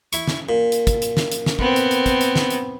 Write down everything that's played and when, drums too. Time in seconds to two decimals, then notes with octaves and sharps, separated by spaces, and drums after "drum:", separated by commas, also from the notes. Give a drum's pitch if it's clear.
0.13 E4 C#6, drum: hi-hat
0.28 drum: snare
0.49 A#2
0.72 drum: hi-hat
0.87 drum: kick, hi-hat
1.02 drum: hi-hat
1.17 drum: snare
1.32 drum: hi-hat
1.46 drum: snare
1.59 B3 C4, drum: kick
1.76 drum: hi-hat
1.91 drum: hi-hat
2.06 drum: kick, hi-hat
2.21 drum: hi-hat
2.36 drum: snare
2.50 drum: hi-hat